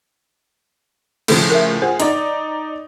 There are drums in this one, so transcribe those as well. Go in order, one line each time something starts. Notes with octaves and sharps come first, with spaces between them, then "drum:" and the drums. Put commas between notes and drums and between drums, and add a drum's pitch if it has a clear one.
A2 C#3 F3 A4, drum: cymbal
A#4 E5
F4 G#4 C5 F#5
D#4 D5, drum: hi-hat